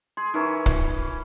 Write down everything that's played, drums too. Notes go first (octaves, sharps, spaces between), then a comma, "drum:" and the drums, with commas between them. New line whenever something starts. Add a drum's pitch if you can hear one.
G#4 C6
E3 C#4 D#4 A#4 A#5
F4, drum: kick